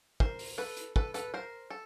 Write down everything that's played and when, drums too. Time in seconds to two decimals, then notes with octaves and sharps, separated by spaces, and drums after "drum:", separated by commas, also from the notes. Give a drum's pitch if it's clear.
0.20 A#4 C5, drum: kick
0.39 drum: open hi-hat
0.58 A4 B4
0.77 drum: hi-hat
0.96 A4 B4, drum: kick
1.14 A4 B4, drum: hi-hat
1.34 A#4 C5
1.70 A4